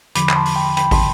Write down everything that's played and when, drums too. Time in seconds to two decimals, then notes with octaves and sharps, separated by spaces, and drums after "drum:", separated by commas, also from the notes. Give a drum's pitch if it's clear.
0.15 E2 D3 F3 B5 D6, drum: hi-hat
0.29 B5, drum: clap
0.35 A5 C6
0.46 drum: open hi-hat
0.56 G5 B5
0.77 G5 B5, drum: hi-hat
0.91 A5 C6, drum: kick, open hi-hat